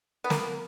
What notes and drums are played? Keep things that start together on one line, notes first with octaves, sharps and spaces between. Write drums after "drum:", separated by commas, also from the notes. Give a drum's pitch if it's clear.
B3
A#3, drum: snare